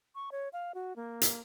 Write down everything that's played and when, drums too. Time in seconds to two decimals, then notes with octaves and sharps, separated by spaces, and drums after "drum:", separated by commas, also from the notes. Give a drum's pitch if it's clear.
0.15 C#6
0.32 C#5
0.53 F5
0.74 F#4
0.96 A#3
1.21 drum: hi-hat